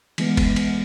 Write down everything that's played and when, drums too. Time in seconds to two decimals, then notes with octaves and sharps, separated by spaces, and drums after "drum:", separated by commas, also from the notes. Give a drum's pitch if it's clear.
0.18 E3 G#3 B3, drum: cymbal
0.37 drum: kick, cymbal
0.56 drum: cymbal